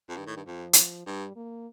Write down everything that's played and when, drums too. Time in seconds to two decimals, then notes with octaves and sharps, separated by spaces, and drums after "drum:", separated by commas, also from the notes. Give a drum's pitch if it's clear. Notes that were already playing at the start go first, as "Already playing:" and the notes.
0.09 F2
0.17 G2 D#3
0.26 A2
0.36 G2
0.47 F2 F3
0.73 drum: hi-hat
1.07 G2 G3
1.36 A#3